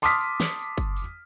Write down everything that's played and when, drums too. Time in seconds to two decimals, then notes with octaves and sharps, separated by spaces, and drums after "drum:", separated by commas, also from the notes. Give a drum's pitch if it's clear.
0.02 A5 C6 D6 D#6 F6 B6, drum: tambourine
0.21 drum: tambourine
0.40 drum: snare
0.59 drum: tambourine
0.78 drum: kick F#1, tambourine
0.96 drum: tambourine